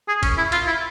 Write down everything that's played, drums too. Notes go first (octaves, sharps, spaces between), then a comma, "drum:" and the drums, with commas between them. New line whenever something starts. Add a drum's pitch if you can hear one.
G#4
C#4, drum: kick, cymbal
E4
F4, drum: cymbal
E4